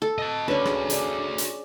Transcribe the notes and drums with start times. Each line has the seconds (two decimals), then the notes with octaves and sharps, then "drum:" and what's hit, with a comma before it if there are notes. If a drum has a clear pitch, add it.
0.02 A4
0.18 D#5 A5
0.48 C#4 D4 F#4 A4 B4 C#5 D5
0.65 G#4, drum: rim click
0.90 G#4 D5, drum: hi-hat
1.38 drum: hi-hat